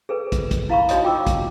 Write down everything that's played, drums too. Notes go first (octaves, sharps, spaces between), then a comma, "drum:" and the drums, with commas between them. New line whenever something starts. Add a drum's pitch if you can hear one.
G#4 A4 B4
drum: kick, hi-hat
drum: kick, hi-hat
E4 F5 A#5 B5 C#6
D#4 F#4 C#5 D#5 D#6, drum: hi-hat
F4 G5 D6 E6
drum: kick, hi-hat